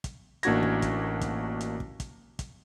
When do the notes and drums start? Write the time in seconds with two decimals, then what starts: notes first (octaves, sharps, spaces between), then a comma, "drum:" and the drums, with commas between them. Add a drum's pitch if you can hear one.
0.04 drum: kick, hi-hat
0.43 A1 A#3 D4 F#4 G#6 A#6, drum: hi-hat
0.63 drum: kick
0.82 drum: kick, hi-hat
1.21 drum: kick, hi-hat
1.61 drum: hi-hat
1.80 drum: kick
2.00 drum: kick, hi-hat
2.39 drum: kick, hi-hat